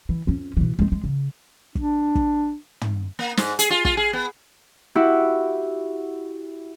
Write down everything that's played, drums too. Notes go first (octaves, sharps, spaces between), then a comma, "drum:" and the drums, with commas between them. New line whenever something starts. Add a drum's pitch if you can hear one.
E3
F2 C#4
B2 E3
G#3 C4
G#3
C#3
D4, drum: kick
drum: kick
drum: tom
A#3
G#2, drum: snare
G#4, drum: hi-hat
F4
F4, drum: kick
G#4
B3
E4 F#4 G4